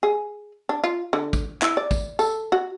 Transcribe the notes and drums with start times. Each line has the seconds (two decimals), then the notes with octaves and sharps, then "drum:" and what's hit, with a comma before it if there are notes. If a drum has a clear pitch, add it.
0.03 G#4
0.69 D4
0.84 F4
1.13 D3
1.33 drum: kick, tambourine
1.62 E4, drum: clap
1.77 D5
1.91 drum: kick, tambourine
2.19 A4, drum: tambourine
2.52 F#4